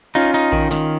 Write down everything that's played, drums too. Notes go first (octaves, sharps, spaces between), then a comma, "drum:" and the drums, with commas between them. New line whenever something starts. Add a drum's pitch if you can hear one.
C#4 D#4 F4
D#4
D#3, drum: kick A#1
D#3, drum: snare